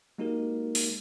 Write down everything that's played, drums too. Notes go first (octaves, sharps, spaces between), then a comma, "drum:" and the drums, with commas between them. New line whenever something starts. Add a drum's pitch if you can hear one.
G#3 A#3 D#4 F#4 G4 A#4
drum: open hi-hat